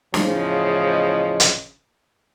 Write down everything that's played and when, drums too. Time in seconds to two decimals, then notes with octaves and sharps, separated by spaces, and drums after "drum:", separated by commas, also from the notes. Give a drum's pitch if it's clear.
0.14 E2 A2 C#3 F3 C5 D#5, drum: snare
1.40 drum: hi-hat